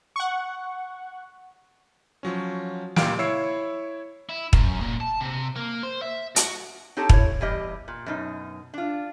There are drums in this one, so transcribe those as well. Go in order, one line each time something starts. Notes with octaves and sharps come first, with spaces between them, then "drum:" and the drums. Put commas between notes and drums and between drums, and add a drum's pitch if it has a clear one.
F#5 C#6
F3 F#3 C#4
C#2 A#2 F4 G4 F5 D7, drum: snare
E4 C#5 E6 C7 C#7
E4
F#2, drum: kick
A#2
A5
C3
A#3
C5
E5
F#4, drum: hi-hat
C4 D#4 G4 A4 C#5 A5
E4 C#5, drum: kick
E2 G3 G4 D#5
A#2
F#2 B2 D#4
D4 F4